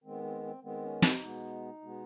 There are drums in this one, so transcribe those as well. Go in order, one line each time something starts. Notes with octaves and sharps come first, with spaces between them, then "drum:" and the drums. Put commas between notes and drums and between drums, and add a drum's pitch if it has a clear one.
D#3 G#3 B3 C4
C4
C4
D#3 G#3 B3 C4
C#4
D#4, drum: snare
B2 G#3 B3
B2 G#3 B3